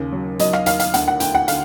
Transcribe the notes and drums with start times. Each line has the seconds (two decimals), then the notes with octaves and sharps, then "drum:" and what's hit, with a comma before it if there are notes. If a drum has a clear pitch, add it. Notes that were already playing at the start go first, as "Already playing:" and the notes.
Already playing: D#2 C#3
0.12 F#3
0.39 F#3 D#5, drum: hi-hat
0.53 F5, drum: rim click
0.66 D#2 F5, drum: hi-hat
0.80 F5, drum: hi-hat
0.94 D2 F#5, drum: hi-hat
1.08 F#5
1.20 D2 G5, drum: hi-hat
1.35 F#5
1.48 D3 F5, drum: hi-hat